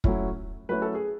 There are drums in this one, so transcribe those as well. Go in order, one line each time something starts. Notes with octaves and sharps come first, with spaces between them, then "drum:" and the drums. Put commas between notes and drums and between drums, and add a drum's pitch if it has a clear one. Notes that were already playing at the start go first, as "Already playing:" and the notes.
F#3 A3 C#4 E4, drum: kick
F#3 A3 C#4 E4 B4
A4
G#4